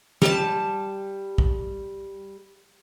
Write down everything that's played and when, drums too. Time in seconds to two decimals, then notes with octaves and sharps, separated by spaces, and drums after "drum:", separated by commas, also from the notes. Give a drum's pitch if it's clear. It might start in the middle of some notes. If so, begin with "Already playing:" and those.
0.22 G3 A5, drum: snare
1.38 drum: kick A#1